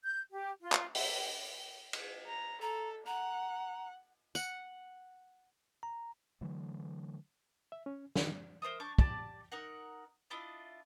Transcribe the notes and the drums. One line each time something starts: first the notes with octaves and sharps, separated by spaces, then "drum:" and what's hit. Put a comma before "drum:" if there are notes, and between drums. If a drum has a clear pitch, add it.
G6
G4
F4
drum: clap
E5, drum: open hi-hat
drum: cymbal
A#5
A4 A#5
F#5 A#5
F#5, drum: tambourine
A#5
D3 E3 F#3 A3
E5
C#4
D#3, drum: snare
A#4 C5 E5 D#6
D4 C#6 D6 G6
G4 D5 A5, drum: kick
D#4 A#4 F#5
D4 E4 F4 D#5